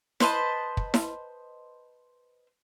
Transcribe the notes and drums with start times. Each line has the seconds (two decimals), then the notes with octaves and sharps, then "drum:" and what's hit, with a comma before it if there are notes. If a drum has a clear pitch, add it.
0.20 B4 C5 D#5 A5, drum: snare E4
0.77 drum: kick
0.94 drum: snare E4